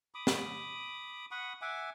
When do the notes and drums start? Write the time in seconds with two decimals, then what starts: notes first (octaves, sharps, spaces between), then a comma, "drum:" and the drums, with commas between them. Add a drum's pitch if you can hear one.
0.15 B5 D6 D#6
0.27 drum: snare
1.31 F#5 B5 C#6 D#6
1.62 E5 F#5 G#5 D6